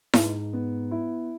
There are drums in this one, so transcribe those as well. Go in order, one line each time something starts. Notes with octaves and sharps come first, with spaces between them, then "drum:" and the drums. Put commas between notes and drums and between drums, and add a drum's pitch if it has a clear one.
G#2, drum: snare E4
B3
E4